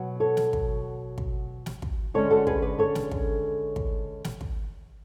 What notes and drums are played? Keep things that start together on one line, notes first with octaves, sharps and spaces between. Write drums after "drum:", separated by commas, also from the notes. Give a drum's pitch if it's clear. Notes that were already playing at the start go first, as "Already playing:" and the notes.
Already playing: B2 F#3 B3
A4 C#5
drum: snare
drum: kick
drum: kick
drum: snare
drum: kick
D3 G#3 C#4 A4 C#5
F#4 A4
G#4 B4, drum: kick
B4 D5
A4 C#5
drum: snare
drum: kick
drum: kick
drum: snare
drum: kick